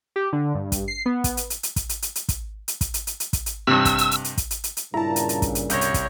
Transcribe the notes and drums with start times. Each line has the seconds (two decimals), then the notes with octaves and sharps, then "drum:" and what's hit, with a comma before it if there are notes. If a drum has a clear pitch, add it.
0.16 G4
0.33 D3
0.55 G2
0.72 drum: kick, hi-hat
0.88 C7
1.06 B3
1.24 drum: kick, hi-hat
1.37 drum: hi-hat
1.50 drum: hi-hat
1.63 drum: hi-hat
1.76 drum: kick, hi-hat
1.89 drum: hi-hat
2.02 drum: hi-hat
2.15 drum: hi-hat
2.29 drum: kick, hi-hat
2.68 drum: hi-hat
2.81 drum: kick, hi-hat
2.94 drum: hi-hat
3.07 drum: hi-hat
3.20 drum: hi-hat
3.33 drum: kick, hi-hat
3.46 drum: hi-hat
3.67 G2 C3 E6
3.85 drum: kick, hi-hat
3.98 drum: hi-hat
4.11 drum: hi-hat
4.24 drum: hi-hat
4.38 drum: kick, hi-hat
4.51 drum: hi-hat
4.64 drum: hi-hat
4.77 drum: hi-hat
4.94 G2 A#2 C#3 E4 A5 A#5
5.16 drum: hi-hat
5.29 drum: hi-hat
5.42 drum: kick, hi-hat
5.55 drum: hi-hat
5.70 C2 C#5 G6 A#6, drum: hi-hat
5.81 drum: hi-hat
5.94 drum: kick, hi-hat